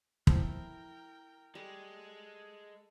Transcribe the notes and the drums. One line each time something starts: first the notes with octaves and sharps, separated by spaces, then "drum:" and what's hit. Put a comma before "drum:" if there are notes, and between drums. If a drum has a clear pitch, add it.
F3 E4 A4 A#4 G5, drum: kick
G3 G#3 A4